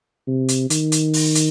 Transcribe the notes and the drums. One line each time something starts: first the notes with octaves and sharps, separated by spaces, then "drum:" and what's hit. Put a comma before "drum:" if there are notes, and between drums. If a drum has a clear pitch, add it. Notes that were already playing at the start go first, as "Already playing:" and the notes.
C3
drum: hi-hat
D#3, drum: hi-hat
drum: hi-hat
drum: open hi-hat
drum: hi-hat